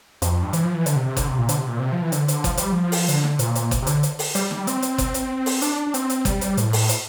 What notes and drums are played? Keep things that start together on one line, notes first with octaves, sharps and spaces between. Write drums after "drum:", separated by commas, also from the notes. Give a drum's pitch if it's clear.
F2, drum: hi-hat
F2
G2
E3, drum: hi-hat
F3
E3
D3, drum: hi-hat
C3
C3
D3, drum: kick F#1, hi-hat
C3
A#2
D3, drum: hi-hat
C3
A#2
C3
F3
E3
D3, drum: hi-hat
drum: hi-hat
F3, drum: kick F#1, hi-hat
G3, drum: hi-hat
F3
drum: open hi-hat
D3, drum: hi-hat
drum: snare
A#2, drum: hi-hat
drum: hi-hat
drum: kick F#1, hi-hat
C3
D3, drum: hi-hat
drum: hi-hat
drum: open hi-hat
G3, drum: hi-hat
drum: snare
C4, drum: hi-hat
drum: hi-hat
drum: kick F#1, hi-hat
drum: hi-hat
drum: open hi-hat
D4, drum: hi-hat
D4
C4, drum: hi-hat
drum: hi-hat
G3, drum: kick F#1, hi-hat
drum: hi-hat
A2, drum: hi-hat
drum: open hi-hat
drum: hi-hat